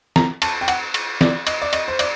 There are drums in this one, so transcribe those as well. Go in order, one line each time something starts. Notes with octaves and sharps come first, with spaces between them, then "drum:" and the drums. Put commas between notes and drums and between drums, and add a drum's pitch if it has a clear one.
A#5, drum: snare
A5, drum: cymbal
G5
F#5, drum: cymbal
drum: cymbal
D5, drum: snare
D#5, drum: cymbal
D5
D#5, drum: cymbal
C5
D5, drum: cymbal